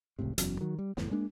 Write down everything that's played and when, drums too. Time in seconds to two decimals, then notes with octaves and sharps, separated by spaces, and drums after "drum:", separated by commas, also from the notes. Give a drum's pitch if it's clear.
0.19 F1 C#2 A2 C3
0.38 F#1 E2 F#3 C#4, drum: hi-hat
0.61 D#3 F#3
0.79 G3
0.97 F#1 E2 A2, drum: snare
1.11 G#3 A#3 D4